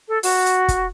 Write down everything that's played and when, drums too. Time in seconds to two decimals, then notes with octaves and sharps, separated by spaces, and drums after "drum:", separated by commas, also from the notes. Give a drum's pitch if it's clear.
0.08 A4
0.23 F#4, drum: open hi-hat
0.46 drum: hi-hat
0.68 drum: kick, hi-hat